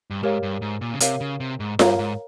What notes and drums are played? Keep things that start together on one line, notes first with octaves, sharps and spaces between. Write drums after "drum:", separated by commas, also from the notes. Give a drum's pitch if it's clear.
G2
G#2 G4 A#4 C#5 F5
G2
G#2
A#2
C#3
C3 G4 A#4 C#5 F5, drum: hi-hat
C#3
C3
G#2
G2 A#4 C#5 F5 A#5, drum: snare F4
G#2